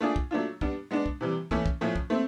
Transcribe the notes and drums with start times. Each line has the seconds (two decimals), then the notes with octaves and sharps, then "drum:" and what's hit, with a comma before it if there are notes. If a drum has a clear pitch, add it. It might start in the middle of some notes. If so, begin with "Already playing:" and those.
0.01 A3 D4 F4 G#4
0.16 drum: kick
0.31 F#3 A3 D4 F4
0.61 G3 B3 D4, drum: kick
0.91 G#3 B3 D4
1.06 drum: kick
1.21 C3 E3 G3
1.51 E3 A3 C#4 E4, drum: kick
1.66 drum: kick
1.81 A2 F3 A3 C#4
1.96 drum: kick
2.10 A3 C4